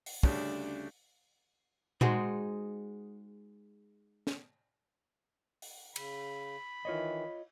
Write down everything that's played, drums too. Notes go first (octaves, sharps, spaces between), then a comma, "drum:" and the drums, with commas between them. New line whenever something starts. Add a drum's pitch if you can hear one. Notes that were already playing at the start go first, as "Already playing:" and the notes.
drum: open hi-hat
D2 C#3 G3 C#4 D4, drum: kick
G#3 D#4 F#4 G#4 C5, drum: tom A#2
drum: snare
drum: open hi-hat
C#3 B5, drum: cymbal
D#3 E3 F4 C#5 D#5